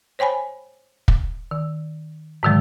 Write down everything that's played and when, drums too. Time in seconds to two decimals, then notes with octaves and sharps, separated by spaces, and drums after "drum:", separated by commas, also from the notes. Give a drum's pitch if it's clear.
0.19 C5 C#5 G5 G#5 B5
1.08 drum: kick
1.51 D#3
2.43 G#2 B2 D3 D#3 F#3 G#3